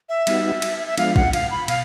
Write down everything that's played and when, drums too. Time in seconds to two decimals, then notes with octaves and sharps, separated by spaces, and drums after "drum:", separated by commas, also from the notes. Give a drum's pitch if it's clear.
0.09 E5
0.27 G3 B3 D#4 F#4, drum: cymbal
0.62 drum: cymbal
0.87 E5
0.98 F3 G#3 B3 D4 F4 F5, drum: cymbal
1.16 F#5, drum: kick
1.33 F5, drum: cymbal
1.51 B5
1.68 B2 F5, drum: cymbal